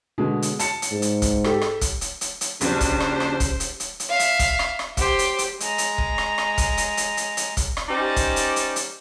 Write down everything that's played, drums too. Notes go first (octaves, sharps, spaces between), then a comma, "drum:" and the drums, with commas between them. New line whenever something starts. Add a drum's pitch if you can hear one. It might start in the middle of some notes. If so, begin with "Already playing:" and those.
B2 D3 G#3
drum: hi-hat
A5 C#7, drum: hi-hat
drum: hi-hat
G#2
drum: hi-hat
drum: kick, hi-hat
G4 A4, drum: rim click
drum: rim click
drum: kick, hi-hat
drum: hi-hat
drum: hi-hat
drum: hi-hat
A#1 D#2 C#3 F#3 D4 G4 C5, drum: hi-hat
drum: kick, hi-hat
drum: rim click
drum: rim click
drum: kick, hi-hat
drum: hi-hat
drum: hi-hat
drum: hi-hat
E5 F5
drum: hi-hat
drum: kick, hi-hat
drum: rim click
drum: rim click
G4 C5, drum: kick, hi-hat
drum: hi-hat
drum: hi-hat
G#3 A#5, drum: hi-hat
drum: hi-hat
drum: kick
drum: rim click
drum: rim click
drum: kick, hi-hat
drum: hi-hat
drum: hi-hat
drum: hi-hat
drum: hi-hat
drum: kick, hi-hat
drum: rim click
C#4 D#4 G4 C5 D5
drum: kick, hi-hat
drum: hi-hat
drum: hi-hat
drum: hi-hat